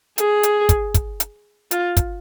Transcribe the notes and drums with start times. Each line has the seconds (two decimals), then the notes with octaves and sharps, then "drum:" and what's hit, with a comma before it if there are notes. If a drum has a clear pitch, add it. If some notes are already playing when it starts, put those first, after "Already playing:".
0.18 G#4, drum: hi-hat
0.43 drum: hi-hat
0.69 drum: kick, hi-hat
0.94 drum: kick, hi-hat
1.20 drum: hi-hat
1.71 F4, drum: hi-hat
1.97 drum: kick, hi-hat